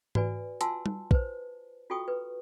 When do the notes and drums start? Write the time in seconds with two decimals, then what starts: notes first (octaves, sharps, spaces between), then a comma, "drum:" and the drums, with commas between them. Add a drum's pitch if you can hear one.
0.15 F#4 B4 D5 G#5, drum: tom G#2
0.61 F4 F#5 G#5 A5 C6 E6, drum: hi-hat
0.86 drum: tom G3
1.11 B4 C5, drum: kick
1.90 F4 F#4 A4 G5 C#6 D#6
2.08 B4